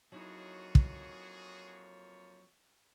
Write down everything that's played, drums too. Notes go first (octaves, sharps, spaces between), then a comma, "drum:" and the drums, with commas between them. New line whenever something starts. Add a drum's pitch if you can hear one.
F2 F#3 A#3 D#4 E4 F#4 G#4 C#5
drum: kick